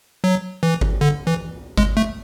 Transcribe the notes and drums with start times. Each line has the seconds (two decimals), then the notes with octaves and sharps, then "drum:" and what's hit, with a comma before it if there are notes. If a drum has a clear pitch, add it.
0.24 F#3
0.63 E3
0.81 drum: kick G1
1.01 D3
1.27 E3
1.78 G#3, drum: kick G1
1.97 A3